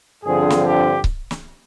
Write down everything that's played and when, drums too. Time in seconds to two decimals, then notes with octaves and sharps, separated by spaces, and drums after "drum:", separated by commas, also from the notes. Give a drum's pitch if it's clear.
0.24 G2 D3 F3 C4 G#4
0.50 drum: snare
0.64 G4
1.04 drum: kick C#1
1.31 drum: snare